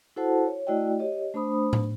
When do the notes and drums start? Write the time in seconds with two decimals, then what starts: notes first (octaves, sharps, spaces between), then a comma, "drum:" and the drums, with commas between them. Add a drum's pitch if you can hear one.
0.16 E4 F#4 A4 C5 F#5 A5
0.47 C#5
0.67 A3 E4 F#4 D5 D#5 G5
0.99 G4 C#5 D#5
1.34 A3 D4 C5 B5 D#6
1.73 drum: tom A2